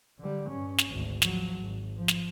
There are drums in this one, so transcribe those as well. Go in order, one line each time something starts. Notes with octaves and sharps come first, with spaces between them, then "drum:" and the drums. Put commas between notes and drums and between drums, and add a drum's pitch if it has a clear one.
D3 G3
G2 C#4
drum: snare
G#1 D2
F3 F#3, drum: snare
G#1
F3
drum: snare